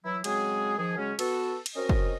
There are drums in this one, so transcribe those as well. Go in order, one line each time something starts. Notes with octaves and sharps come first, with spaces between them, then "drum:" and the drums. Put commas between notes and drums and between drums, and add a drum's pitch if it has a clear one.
E3 F#3 E4
C#3 F#3 G#3 C4 G#4, drum: cymbal
D#3 F3 G#4
C#3 F#3 G#3 C#4
B3 F#4 A4, drum: cymbal
drum: cymbal
C4 C#4 F#4 A#4 D#5
drum: kick